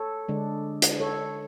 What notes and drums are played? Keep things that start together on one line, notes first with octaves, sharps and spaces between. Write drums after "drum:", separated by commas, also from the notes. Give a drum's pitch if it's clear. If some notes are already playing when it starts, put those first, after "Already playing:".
Already playing: A4 C#5
D3 G#3 D4
drum: hi-hat
A4 C#5